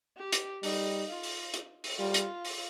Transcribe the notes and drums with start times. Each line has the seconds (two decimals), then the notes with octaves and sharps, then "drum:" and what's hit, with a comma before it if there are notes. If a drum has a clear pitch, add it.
0.17 G4
0.32 drum: hi-hat
0.63 G3 D#4, drum: open hi-hat
1.09 F4
1.23 drum: open hi-hat
1.54 drum: hi-hat
1.84 drum: open hi-hat
1.99 G3 F4
2.14 drum: hi-hat
2.45 drum: open hi-hat